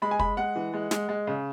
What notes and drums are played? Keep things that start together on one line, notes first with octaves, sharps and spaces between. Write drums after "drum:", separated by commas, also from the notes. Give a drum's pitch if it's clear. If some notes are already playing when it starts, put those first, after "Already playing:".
G#3 B5
G#5
G#3 B5, drum: kick
G#3 F#5
E3
G#3
G#3, drum: snare
G#3
C#3